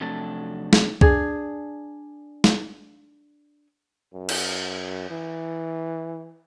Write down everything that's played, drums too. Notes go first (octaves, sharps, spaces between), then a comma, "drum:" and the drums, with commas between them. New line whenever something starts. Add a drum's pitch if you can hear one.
F2 C3 F#3 A3 D4 A4
drum: snare
D4 G#4, drum: kick C2
drum: snare
F#2
drum: cymbal
E3